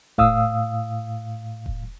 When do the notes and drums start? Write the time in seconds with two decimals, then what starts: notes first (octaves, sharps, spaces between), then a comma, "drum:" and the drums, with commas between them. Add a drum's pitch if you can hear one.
0.18 A2 F5 D#6 E6, drum: kick E1
1.66 drum: kick E1